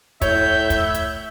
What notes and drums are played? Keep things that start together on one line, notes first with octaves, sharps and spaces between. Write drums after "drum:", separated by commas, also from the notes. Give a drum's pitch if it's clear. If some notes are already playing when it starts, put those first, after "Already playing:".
A2 C#5 E5 G6, drum: kick, hi-hat
drum: kick, hi-hat
drum: hi-hat